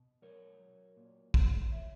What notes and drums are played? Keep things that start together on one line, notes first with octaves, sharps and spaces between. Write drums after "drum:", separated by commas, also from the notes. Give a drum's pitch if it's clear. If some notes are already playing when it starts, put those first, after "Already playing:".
Already playing: B2
F#3 A#4 C#5
F#3
A#2
A#2, drum: kick
C#5 E5